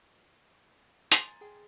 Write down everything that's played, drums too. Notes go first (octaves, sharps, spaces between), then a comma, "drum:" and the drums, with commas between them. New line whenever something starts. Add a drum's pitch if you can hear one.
G#5 A#5 C6 A6, drum: hi-hat
G#4 G5